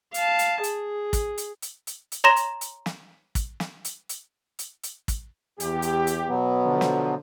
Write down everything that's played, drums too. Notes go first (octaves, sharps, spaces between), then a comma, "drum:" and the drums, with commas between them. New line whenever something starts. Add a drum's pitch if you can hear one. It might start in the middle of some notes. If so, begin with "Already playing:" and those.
F5 A5, drum: hi-hat
drum: hi-hat
G#4, drum: hi-hat
drum: kick, hi-hat
drum: hi-hat
drum: hi-hat
drum: hi-hat
drum: hi-hat
C#5 A#5 C6 A#6 E7
drum: hi-hat
drum: hi-hat
drum: snare
drum: kick, hi-hat
drum: snare
drum: hi-hat
drum: hi-hat
drum: hi-hat
drum: hi-hat
drum: kick, hi-hat
E2 G4, drum: hi-hat
drum: hi-hat
drum: hi-hat
B2 F#3 B3
D3 F3
drum: snare